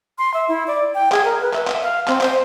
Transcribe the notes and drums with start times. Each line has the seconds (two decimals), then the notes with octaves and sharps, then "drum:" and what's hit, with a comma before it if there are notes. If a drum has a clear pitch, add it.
0.18 C6
0.34 E5
0.49 E4
0.67 D5
0.95 G5
1.12 G#4, drum: clap
1.25 A#4
1.40 B4
1.54 E5, drum: clap
1.68 drum: clap
1.83 F5
2.08 C4, drum: clap
2.21 C5, drum: clap